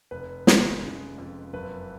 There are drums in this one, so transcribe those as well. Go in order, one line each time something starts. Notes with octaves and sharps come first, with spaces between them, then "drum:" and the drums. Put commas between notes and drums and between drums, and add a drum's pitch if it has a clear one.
F1 B4
G#3, drum: snare
C#3
F2
F#1 B4